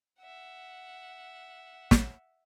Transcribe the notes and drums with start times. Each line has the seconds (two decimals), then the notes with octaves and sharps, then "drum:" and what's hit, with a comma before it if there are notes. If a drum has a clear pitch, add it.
0.19 E5 F#5
1.91 drum: snare